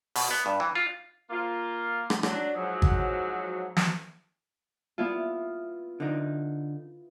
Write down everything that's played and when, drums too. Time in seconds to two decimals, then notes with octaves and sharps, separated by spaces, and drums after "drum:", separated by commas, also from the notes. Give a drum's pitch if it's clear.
0.16 B2, drum: open hi-hat
0.31 B3
0.46 G2
0.60 E3
0.75 F4
1.30 A#3 F4
2.10 drum: rim click
2.23 F#3 D4, drum: rim click
2.55 G#2 F3 F#3
2.82 drum: kick G#1
3.77 drum: snare
4.98 B3 E4 F4
6.00 D3 D#4